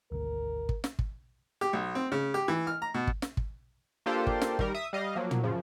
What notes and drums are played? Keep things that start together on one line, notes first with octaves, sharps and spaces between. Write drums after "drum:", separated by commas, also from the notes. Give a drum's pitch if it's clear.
G#1 D2 A#4
drum: kick
drum: snare
drum: kick
G4
B1
C4
C#3
G4
E3
F6
A#5
B2
drum: kick
drum: snare
drum: kick
A#3 D4 F4 G4 A4 C5
drum: kick
drum: snare
D#3 G3 A#4, drum: kick
E5 D#6
G3 D#5 F5
F3 F#3 A#3
drum: tom
F#2 C#3 F3